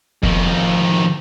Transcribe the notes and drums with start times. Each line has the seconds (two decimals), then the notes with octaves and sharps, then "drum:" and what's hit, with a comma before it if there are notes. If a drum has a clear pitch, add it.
0.23 F2 D#3, drum: kick F1